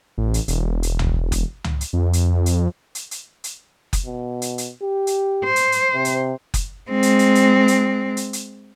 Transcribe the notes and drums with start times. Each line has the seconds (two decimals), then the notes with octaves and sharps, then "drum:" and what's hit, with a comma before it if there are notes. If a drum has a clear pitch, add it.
0.18 A1
0.34 drum: hi-hat
0.48 E1, drum: hi-hat
0.83 drum: hi-hat
0.99 drum: tom C#2
1.32 drum: kick F#1, hi-hat
1.64 drum: tom C#2
1.81 drum: hi-hat
1.93 F2
2.13 drum: hi-hat
2.46 drum: hi-hat
2.95 drum: hi-hat
3.11 drum: hi-hat
3.44 drum: hi-hat
3.93 drum: kick F#1, hi-hat
4.06 B2
4.42 drum: hi-hat
4.58 drum: hi-hat
4.82 G4
5.07 drum: hi-hat
5.44 C5
5.56 drum: hi-hat
5.72 drum: hi-hat
5.94 C3
6.05 drum: hi-hat
6.54 drum: kick F#1, hi-hat
6.91 G#3 C4
7.03 drum: hi-hat
7.19 drum: hi-hat
7.35 drum: hi-hat
7.68 drum: hi-hat
8.17 drum: hi-hat
8.33 drum: hi-hat